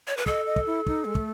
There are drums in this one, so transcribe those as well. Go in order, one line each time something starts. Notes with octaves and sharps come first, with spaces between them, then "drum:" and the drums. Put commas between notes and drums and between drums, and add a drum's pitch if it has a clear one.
C#5
B4
A4 D#5, drum: kick
D#5
drum: kick
E4
D#4, drum: kick
G#3
A3, drum: kick